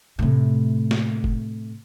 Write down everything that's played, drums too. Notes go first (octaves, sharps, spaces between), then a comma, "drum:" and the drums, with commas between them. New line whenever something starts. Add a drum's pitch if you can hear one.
A2 C3
drum: snare
drum: kick F#1